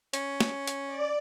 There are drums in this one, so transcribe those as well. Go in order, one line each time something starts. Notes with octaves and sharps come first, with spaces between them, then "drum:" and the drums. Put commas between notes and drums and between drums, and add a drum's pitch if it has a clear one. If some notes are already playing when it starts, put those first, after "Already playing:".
C#4, drum: hi-hat
drum: snare
drum: hi-hat
D5